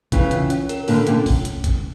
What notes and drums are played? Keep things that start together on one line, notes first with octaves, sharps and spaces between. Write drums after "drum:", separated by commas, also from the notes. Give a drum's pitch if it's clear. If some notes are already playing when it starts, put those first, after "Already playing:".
C#3 E3 F4, drum: kick, hi-hat
C#4, drum: hi-hat
C#4, drum: hi-hat
A#4, drum: hi-hat
A#2 D3 F4, drum: open hi-hat
A#2 D3 C#4, drum: hi-hat
drum: kick, open hi-hat
drum: hi-hat
drum: kick, hi-hat